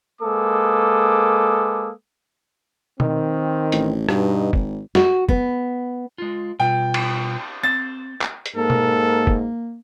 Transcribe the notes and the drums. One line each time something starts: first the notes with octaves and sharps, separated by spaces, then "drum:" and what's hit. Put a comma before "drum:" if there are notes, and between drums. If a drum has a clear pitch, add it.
G#3 A#3 A4 B4 D6 D#6
D#3 C4, drum: tom B2
A1, drum: hi-hat
G2 B2 D#4, drum: rim click
G#1, drum: kick
F#4, drum: snare
B3, drum: kick
G#3 F4
B2 G3 F4 G5
drum: cymbal
C4 A6
drum: clap
drum: hi-hat
G#2 A#3 A4 A#4
drum: tom B2
drum: kick